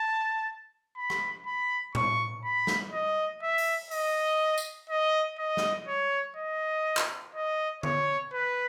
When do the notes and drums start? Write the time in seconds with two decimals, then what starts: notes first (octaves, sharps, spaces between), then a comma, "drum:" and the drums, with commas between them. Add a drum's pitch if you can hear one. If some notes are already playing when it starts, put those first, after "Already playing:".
Already playing: A5
0.97 B5
1.10 drum: rim click
1.46 B5
1.95 C#6, drum: tom A2
2.44 B5
2.67 drum: snare
2.93 D#5
3.42 E5
3.58 drum: open hi-hat
3.91 D#5, drum: open hi-hat
4.58 drum: tambourine
4.90 D#5
5.38 D#5
5.57 drum: snare
5.88 C#5
6.36 D#5
6.97 drum: clap
7.35 D#5
7.83 C#5, drum: tom D3
8.33 B4